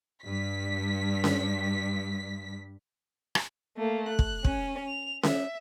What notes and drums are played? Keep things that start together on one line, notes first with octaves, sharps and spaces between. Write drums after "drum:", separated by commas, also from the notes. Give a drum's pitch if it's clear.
G2 B6
drum: snare C#4
drum: rim click
A3 A#3
F#6
drum: kick
C#4, drum: kick
F7
E5, drum: snare C#4